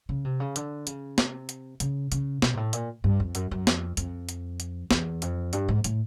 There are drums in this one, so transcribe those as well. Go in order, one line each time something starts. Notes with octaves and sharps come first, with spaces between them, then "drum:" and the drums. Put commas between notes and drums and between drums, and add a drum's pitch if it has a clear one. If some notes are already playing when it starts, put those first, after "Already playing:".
C#3
C3
C#3
D3, drum: hi-hat
C#3, drum: hi-hat
C3, drum: snare
drum: hi-hat
C#3, drum: hi-hat
C#3, drum: hi-hat
B2, drum: snare
G#2
A2
A#2, drum: hi-hat
G2
F2
F#2, drum: hi-hat
F#2
F2, drum: snare
F2, drum: hi-hat
drum: hi-hat
drum: hi-hat
E2, drum: snare
F2, drum: hi-hat
G2, drum: hi-hat
G#2
A2, drum: hi-hat